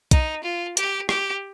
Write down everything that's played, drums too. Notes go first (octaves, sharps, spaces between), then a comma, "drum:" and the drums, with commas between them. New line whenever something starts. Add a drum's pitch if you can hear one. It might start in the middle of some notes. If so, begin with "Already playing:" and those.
D#4, drum: kick, hi-hat
F4
G4, drum: hi-hat
G4, drum: rim click